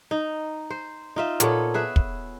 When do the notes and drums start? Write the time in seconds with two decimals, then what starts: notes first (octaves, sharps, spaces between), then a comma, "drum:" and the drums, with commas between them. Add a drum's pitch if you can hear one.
0.11 D#4
0.70 C5
1.16 D#4 F4 E5
1.40 A#2 B3 A4 C#5, drum: hi-hat
1.74 G#4 B4 E5
1.96 drum: kick